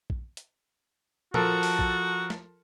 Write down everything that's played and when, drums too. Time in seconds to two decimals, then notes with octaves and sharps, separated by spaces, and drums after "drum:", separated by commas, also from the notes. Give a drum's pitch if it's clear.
0.10 drum: kick A#1
0.37 drum: hi-hat
1.34 F3 F#4 A4 A#4, drum: tom
1.63 drum: open hi-hat
1.79 drum: kick A#1
2.30 drum: snare